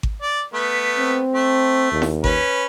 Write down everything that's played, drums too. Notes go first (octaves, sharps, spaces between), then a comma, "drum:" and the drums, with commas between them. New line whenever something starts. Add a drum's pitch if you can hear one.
drum: kick G#1
D5
A3 B3
C4
A3
D#2
drum: snare E4
C#4 B4, drum: kick G#1